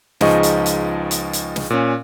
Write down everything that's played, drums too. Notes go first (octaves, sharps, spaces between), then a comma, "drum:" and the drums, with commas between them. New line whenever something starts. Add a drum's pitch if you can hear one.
C#2 F3 D#4 G#4 D#5 C#6, drum: snare
drum: hi-hat
drum: hi-hat
drum: hi-hat
drum: hi-hat
drum: snare
A#2 C#4